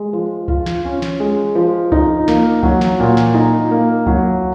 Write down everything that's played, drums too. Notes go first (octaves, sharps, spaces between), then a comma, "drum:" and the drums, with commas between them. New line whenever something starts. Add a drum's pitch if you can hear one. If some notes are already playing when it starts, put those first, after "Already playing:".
Already playing: G#3
F3
F4, drum: kick
drum: snare
C#4
drum: snare
G#3
F3
D#4, drum: kick
A#3, drum: snare
F#3, drum: kick
drum: snare
A#2
drum: snare
D#4
A#3
F#3, drum: kick